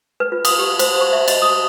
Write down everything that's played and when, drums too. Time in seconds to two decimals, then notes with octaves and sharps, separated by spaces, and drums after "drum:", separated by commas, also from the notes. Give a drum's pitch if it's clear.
0.20 B4
0.32 F4
0.45 D#6, drum: cymbal
0.59 G4
0.79 C5, drum: cymbal
1.01 C#6
1.13 E5
1.28 D#5, drum: cymbal
1.42 D#6